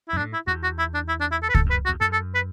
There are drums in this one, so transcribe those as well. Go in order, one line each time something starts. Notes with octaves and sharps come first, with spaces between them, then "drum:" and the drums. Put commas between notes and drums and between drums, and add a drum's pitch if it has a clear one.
E4
F#2
A2 D4
E4
E2 F#4
F#4
E4
D4
E4
D4
E4
A4
B4
E2 A4, drum: kick C#2
F#2 B4
F#4
E2
F#2 A4
A4
B4